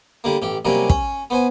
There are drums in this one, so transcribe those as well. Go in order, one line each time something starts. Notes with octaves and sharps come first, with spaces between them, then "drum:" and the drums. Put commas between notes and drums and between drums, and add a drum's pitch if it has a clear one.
D3 G3 A#3
A1 G4
C3 F#3 G3 A#3 C#4
C#4, drum: kick
B3 C5 G#5